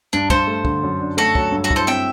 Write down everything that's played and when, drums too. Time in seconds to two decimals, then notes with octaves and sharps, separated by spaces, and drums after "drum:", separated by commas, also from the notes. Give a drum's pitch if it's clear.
0.13 G2 D4
0.30 G2 A4 C5, drum: kick
0.47 A3
0.65 D3, drum: kick
0.83 F#2
1.01 D4
1.17 A3 F#4 A4
1.35 F#3, drum: kick
1.52 G2
1.64 F#4 A4
1.70 E4, drum: kick
1.76 A4 C5
1.87 C4 E5 G5